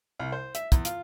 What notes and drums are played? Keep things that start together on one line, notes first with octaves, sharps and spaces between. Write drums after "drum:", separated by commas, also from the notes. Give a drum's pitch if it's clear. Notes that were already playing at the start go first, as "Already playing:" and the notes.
C2
C5
E5, drum: hi-hat
E2, drum: kick, hi-hat
F4, drum: hi-hat